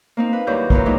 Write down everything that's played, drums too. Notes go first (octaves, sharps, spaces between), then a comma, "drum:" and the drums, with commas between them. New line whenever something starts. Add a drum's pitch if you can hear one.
A#3 C4 D#4
B4
D#2 F#3 G3 E4 G6
A#2 E3 F#3, drum: kick
F3 G3 G#3 A#3 D#4 E4